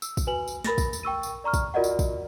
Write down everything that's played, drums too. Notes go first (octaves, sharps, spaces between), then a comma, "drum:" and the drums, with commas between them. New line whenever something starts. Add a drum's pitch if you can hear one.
E6, drum: tambourine
drum: kick, tambourine
F#4 B4 G#5 F#7
drum: tambourine
A#4 B5 A6 A#6, drum: snare
drum: kick, tambourine
drum: tambourine
G5 C#6 E6 D#7
drum: tambourine
D5 A#5 C#6 F6
drum: kick, tambourine
F4 F#4 A#4 D5 D#5 F#5
drum: tambourine
drum: kick, tambourine